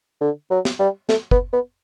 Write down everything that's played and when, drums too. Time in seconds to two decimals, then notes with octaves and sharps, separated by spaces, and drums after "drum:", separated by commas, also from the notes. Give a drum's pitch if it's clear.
0.21 D3
0.51 F#3
0.65 drum: snare
0.79 G3
1.09 A3, drum: snare
1.31 B3, drum: kick
1.53 B3